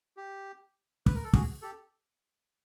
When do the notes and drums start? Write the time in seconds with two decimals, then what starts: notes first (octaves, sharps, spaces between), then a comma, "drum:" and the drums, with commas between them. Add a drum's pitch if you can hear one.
0.17 G4
1.06 B4, drum: kick
1.15 A#4
1.24 A4
1.33 F#4 G#4, drum: kick
1.62 G4 A4